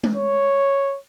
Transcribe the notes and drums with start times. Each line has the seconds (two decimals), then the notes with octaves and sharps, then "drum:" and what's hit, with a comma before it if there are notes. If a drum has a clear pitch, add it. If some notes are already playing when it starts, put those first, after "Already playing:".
0.03 drum: tom G#3
0.16 C#5